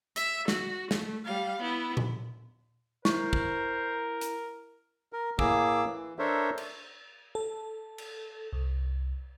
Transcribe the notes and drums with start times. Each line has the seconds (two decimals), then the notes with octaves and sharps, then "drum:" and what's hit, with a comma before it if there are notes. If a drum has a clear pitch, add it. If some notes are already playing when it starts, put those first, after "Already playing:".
0.16 E5, drum: hi-hat
0.48 F#4, drum: snare
0.91 A3, drum: snare
1.24 G3 F5
1.61 B3 E4
1.97 drum: tom A#2
3.05 E4 A#4 C5 C#6, drum: snare
3.33 drum: kick
4.21 drum: hi-hat
5.13 A#4
5.39 A2 A#3 G#4 D6 E6, drum: kick
5.85 E3
6.19 D4 A4 A#4 C5 C#5 E5
6.58 drum: cymbal
7.35 A4
7.98 drum: cymbal
8.53 C2